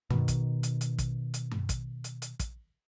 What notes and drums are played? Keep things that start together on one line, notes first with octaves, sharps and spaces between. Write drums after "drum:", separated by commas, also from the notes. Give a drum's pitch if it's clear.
B2 D#3, drum: tom F#2
drum: kick, hi-hat
drum: hi-hat
drum: hi-hat
drum: kick, hi-hat
drum: hi-hat
drum: tom F#2
drum: kick, hi-hat
drum: hi-hat
drum: hi-hat
drum: kick, hi-hat